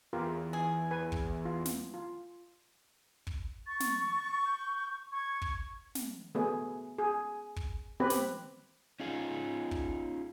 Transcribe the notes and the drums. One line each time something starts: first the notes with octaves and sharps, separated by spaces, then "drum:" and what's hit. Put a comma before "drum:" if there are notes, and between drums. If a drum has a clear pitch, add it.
E2 F4 G4 A#4
G#4
B4 G#5
drum: kick
F4
drum: snare
F4
drum: kick
C#6 A6
drum: snare
G6
C#6 G#6
drum: kick
drum: snare
A3 B3 G#4
G#4
drum: kick
B3 C4 G4 B4
drum: snare
C#4 D#4 F4 G#4
drum: kick